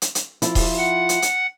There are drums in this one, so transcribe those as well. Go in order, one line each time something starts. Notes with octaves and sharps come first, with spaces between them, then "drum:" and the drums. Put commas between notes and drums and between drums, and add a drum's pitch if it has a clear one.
drum: hi-hat
drum: hi-hat
F3 E4 F4, drum: hi-hat
drum: kick D#1, open hi-hat
F#5
drum: hi-hat
drum: hi-hat